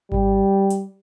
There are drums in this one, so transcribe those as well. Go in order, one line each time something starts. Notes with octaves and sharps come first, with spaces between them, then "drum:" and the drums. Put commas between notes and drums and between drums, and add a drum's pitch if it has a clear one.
G3, drum: kick G#1
drum: hi-hat